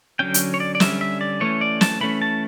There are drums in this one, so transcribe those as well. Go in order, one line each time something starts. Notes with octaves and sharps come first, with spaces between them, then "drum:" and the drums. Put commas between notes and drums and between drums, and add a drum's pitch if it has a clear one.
D3 F#3 C#4 G5
drum: hi-hat
C#5
D5
D5
D3 G3 C#4 E5, drum: snare
E5
D5
E3 A3 C#4 C#5
D5
A5, drum: snare
E3 A3 C#4 B5
A5